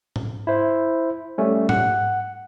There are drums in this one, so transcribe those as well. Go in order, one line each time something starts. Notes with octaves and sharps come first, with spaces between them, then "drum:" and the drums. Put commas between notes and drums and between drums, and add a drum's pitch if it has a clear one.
drum: tom G#2
E4 C5
G3 A3 C#4
F#5, drum: tom G#2